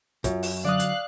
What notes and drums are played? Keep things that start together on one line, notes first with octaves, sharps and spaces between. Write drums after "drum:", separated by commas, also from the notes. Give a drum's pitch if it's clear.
F#2 F4, drum: kick, hi-hat
drum: open hi-hat
D3 F#3 D5 F5 D#6 F#6
drum: hi-hat